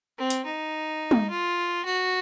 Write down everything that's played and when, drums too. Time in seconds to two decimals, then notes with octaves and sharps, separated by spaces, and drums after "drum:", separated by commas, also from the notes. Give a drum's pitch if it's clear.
0.18 C4
0.30 drum: hi-hat
0.45 D#4
1.11 drum: tom
1.30 F4
1.85 F#4